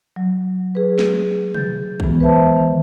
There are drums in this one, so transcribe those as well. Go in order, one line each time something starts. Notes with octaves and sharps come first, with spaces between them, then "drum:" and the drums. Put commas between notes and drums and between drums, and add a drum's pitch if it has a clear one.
F#3
G#4 B4
drum: snare
G6 A6, drum: tom
E3 G#3 B3, drum: kick A#1
B4 C5 E5 A5
D#3